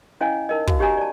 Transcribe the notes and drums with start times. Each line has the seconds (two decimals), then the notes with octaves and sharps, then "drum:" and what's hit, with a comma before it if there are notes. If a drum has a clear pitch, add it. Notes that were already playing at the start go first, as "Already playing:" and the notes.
0.21 C#4 E4 C#5 D#5 F5 G#5
0.49 D#4 A#4 D#5
0.67 F#4 F5, drum: kick
0.79 D#4 G4 C#5 D#5 G#5 A#5
0.97 D5 A5